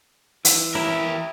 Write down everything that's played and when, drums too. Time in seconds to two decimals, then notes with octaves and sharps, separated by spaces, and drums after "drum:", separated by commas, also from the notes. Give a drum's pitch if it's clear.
0.45 E3, drum: hi-hat
0.75 E4 G4 A#4